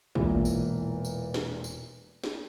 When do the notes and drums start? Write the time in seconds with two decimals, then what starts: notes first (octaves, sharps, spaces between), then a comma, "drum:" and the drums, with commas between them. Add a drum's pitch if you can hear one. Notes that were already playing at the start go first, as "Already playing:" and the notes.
0.15 E1 A#2 E3 B3, drum: kick
0.45 drum: tambourine
1.05 drum: tambourine
1.34 drum: snare
1.64 drum: tambourine
2.24 drum: snare